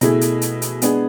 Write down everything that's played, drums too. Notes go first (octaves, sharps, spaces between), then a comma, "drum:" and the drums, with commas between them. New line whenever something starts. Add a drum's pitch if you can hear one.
B2 A3 E4 G#4, drum: hi-hat
drum: hi-hat
drum: hi-hat
drum: hi-hat
G#3 B3 D4 G#4, drum: hi-hat